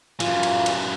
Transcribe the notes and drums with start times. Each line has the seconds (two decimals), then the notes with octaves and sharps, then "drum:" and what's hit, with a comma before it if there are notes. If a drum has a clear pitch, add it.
0.20 F#2 E3 F4, drum: cymbal
0.43 drum: cymbal
0.66 drum: cymbal